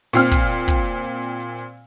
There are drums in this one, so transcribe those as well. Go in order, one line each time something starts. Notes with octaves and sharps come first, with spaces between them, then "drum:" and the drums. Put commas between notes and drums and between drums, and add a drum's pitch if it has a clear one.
A#2 C4 F6, drum: snare
drum: kick, hi-hat
drum: hi-hat
drum: kick, hi-hat
drum: open hi-hat
drum: hi-hat
drum: hi-hat
drum: hi-hat
drum: hi-hat